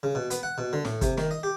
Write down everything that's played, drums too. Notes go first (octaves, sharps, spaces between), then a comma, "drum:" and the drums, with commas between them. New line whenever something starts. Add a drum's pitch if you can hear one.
C#3
B2
B3, drum: hi-hat
F#5
B2
D3
A2, drum: snare
C3, drum: kick, hi-hat
D#3, drum: snare
D#5
G4